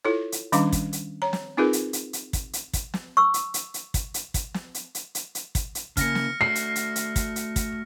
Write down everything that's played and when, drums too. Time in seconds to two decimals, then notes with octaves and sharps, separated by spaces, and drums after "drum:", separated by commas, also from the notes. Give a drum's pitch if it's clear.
0.05 E4 F4 A4 C#5
0.32 drum: hi-hat
0.52 D#3 G3 C#4 D4 F5 D6, drum: hi-hat
0.72 drum: kick, hi-hat
0.93 drum: hi-hat
1.22 C#5 A#5
1.33 drum: snare
1.57 C4 D#4 F4 G#4 A#4 B4
1.73 drum: hi-hat
1.93 drum: hi-hat
2.13 drum: hi-hat
2.33 drum: kick, hi-hat
2.53 drum: hi-hat
2.73 drum: kick, hi-hat
2.94 drum: snare
3.17 C#6 E6
3.34 drum: hi-hat
3.54 drum: hi-hat
3.74 drum: hi-hat
3.94 drum: kick, hi-hat
4.14 drum: hi-hat
4.34 drum: kick, hi-hat
4.54 drum: snare
4.74 drum: hi-hat
4.95 drum: hi-hat
5.15 drum: hi-hat
5.35 drum: hi-hat
5.55 drum: kick, hi-hat
5.75 drum: hi-hat
5.97 C#3 A#3 F6 A#6 C#7, drum: kick, hi-hat
6.15 drum: snare
6.41 A3 F#4 C7
6.55 drum: hi-hat
6.75 drum: hi-hat
6.96 drum: hi-hat
7.16 drum: kick, hi-hat
7.36 drum: hi-hat
7.56 drum: kick, hi-hat